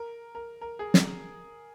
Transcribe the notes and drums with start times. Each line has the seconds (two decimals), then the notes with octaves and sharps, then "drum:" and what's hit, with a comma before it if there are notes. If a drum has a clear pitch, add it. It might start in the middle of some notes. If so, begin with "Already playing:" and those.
Already playing: A#4
0.35 A#4
0.61 A#4
0.79 G#4
0.94 drum: snare